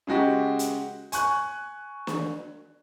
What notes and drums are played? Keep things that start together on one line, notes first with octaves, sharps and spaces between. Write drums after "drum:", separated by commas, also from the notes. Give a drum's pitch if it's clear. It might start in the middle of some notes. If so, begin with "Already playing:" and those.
C#3 G#3 F#4 G4
drum: hi-hat
G#5 C#6 F#6, drum: hi-hat
drum: snare